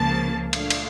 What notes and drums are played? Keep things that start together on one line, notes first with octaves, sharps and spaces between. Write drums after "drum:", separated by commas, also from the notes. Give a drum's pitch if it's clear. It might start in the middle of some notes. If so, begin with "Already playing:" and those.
Already playing: C#2 C#3 F3 A#3 A5
A#2 A3 D4 F5, drum: cymbal
drum: cymbal